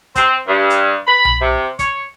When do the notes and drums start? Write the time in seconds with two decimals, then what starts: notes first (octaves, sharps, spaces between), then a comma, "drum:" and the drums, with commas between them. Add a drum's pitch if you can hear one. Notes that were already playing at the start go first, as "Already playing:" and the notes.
0.16 C4, drum: kick, hi-hat
0.48 G2
0.70 drum: hi-hat
1.07 B5
1.25 drum: tom B1
1.41 C3
1.79 C#5, drum: kick, hi-hat